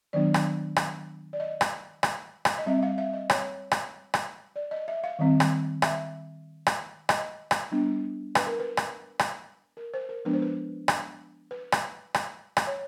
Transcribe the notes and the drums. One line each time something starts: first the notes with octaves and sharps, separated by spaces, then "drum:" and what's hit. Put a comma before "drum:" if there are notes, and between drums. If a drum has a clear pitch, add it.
D#3 F#3 B3 D4 D5
drum: rim click
drum: rim click
D5
D#5
drum: rim click
drum: rim click
drum: rim click
D#5
G3 C4 E5
F5
E5
D#5
C#5, drum: rim click
drum: rim click
drum: rim click
D5
D#5
E5
F5
D#3 G3 C4
drum: rim click
E5, drum: rim click
drum: rim click
D#5, drum: rim click
drum: rim click
G3 B3 D4
B4, drum: rim click
A#4
B4
drum: rim click
drum: rim click
A#4
C5
A#4
F3 G#3 B3 D4 B4
C5
B4
drum: rim click
B4
drum: rim click
drum: rim click
drum: rim click
C#5